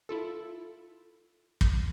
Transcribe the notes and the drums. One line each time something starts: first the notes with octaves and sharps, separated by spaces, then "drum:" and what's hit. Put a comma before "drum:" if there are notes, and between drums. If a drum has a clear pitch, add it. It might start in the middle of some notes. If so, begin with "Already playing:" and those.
E4 F4 A4
drum: kick